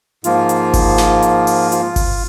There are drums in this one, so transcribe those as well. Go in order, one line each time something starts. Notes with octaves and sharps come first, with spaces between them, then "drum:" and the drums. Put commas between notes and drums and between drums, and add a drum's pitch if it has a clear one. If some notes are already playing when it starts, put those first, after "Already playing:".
G#2 F3 A#3 F4, drum: hi-hat
drum: hi-hat
drum: kick G1, open hi-hat
drum: snare
drum: hi-hat
drum: open hi-hat
F4, drum: hi-hat
drum: kick G1, open hi-hat